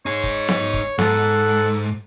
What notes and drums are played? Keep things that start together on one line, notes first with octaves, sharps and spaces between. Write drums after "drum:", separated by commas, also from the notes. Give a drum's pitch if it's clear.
D#4 G#4 C#5
drum: kick, hi-hat
drum: snare B3
drum: kick, hi-hat
G#2 A4 F#5, drum: snare B3
drum: hi-hat
drum: hi-hat
drum: hi-hat